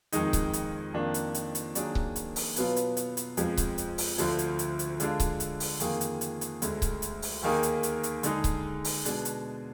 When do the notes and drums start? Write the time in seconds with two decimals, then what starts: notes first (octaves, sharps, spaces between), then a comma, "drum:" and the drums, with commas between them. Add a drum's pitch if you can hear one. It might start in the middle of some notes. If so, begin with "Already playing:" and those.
0.12 F2 D#3 G#3 D#4, drum: hi-hat
0.33 drum: kick C#1, hi-hat
0.53 drum: hi-hat
0.94 F2 D#3 A#3 D4 F4
1.14 drum: hi-hat
1.34 drum: hi-hat
1.55 drum: hi-hat
1.75 D#3 F#3 A#3 D4 G#4, drum: hi-hat
1.95 drum: kick C#1
2.16 drum: hi-hat
2.36 drum: open hi-hat
2.56 B2 F#3 B3 F4, drum: hi-hat
2.76 drum: hi-hat
2.97 drum: hi-hat
3.17 drum: hi-hat
3.37 F2 F3 G#3, drum: hi-hat
3.57 drum: kick C#1, hi-hat
3.78 drum: hi-hat
3.98 drum: open hi-hat
4.18 D2 D3 F3, drum: hi-hat
4.39 drum: hi-hat
4.59 drum: hi-hat
4.79 drum: hi-hat
5.00 D3 G#3 D4 F4, drum: hi-hat
5.20 drum: kick C#1, hi-hat
5.40 drum: hi-hat
5.60 drum: open hi-hat
5.80 F2 D#3 A#3 F4 G#4, drum: hi-hat
6.01 drum: hi-hat
6.21 drum: hi-hat
6.41 drum: hi-hat
6.62 D2 D3 G#3, drum: hi-hat
6.82 drum: kick C#1, hi-hat
7.02 drum: hi-hat
7.22 drum: open hi-hat
7.42 D#2 D#3 A#3 D#4 G#4
7.63 drum: hi-hat
7.83 drum: hi-hat
8.03 drum: hi-hat
8.23 D3 G#3 D#4 G#4, drum: hi-hat
8.44 drum: kick C#1, hi-hat
8.84 drum: open hi-hat
9.05 B2 G#3 D4, drum: hi-hat
9.25 drum: hi-hat